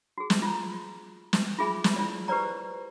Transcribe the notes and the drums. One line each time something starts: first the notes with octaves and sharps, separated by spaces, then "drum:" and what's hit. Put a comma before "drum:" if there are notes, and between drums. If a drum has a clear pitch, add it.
F#4 G#4
drum: snare
F4 A#5
drum: snare
F4 F#4 G#4 E5 G#5 B5
drum: snare
E4 F4 D5
G4 B4 C5 D5 A#5